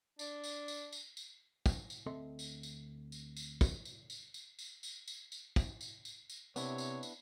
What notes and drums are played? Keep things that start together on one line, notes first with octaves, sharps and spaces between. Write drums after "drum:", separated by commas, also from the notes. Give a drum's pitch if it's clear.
D4, drum: tambourine
drum: tambourine
drum: tambourine
drum: tambourine
drum: tambourine
drum: kick, tambourine
drum: tambourine
D2 C4 A4 D#5 E5 C6
drum: tambourine
drum: tambourine
drum: tambourine
drum: tambourine
drum: kick, tambourine
drum: tambourine
drum: tambourine
drum: tambourine
drum: tambourine
drum: tambourine
drum: tambourine
drum: tambourine
drum: kick, tambourine
drum: tambourine
drum: tambourine
drum: tambourine
C3 B3 D4 E4 C#5, drum: tambourine
drum: tambourine
drum: tambourine